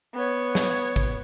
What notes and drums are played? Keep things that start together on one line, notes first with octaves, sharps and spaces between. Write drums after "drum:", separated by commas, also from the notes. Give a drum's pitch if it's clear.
B3 C#5
drum: snare
drum: tambourine
drum: kick, tambourine